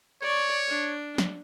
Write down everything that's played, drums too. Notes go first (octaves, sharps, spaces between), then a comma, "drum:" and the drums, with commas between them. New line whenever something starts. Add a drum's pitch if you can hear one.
C#5 D5 C#6
D4
drum: snare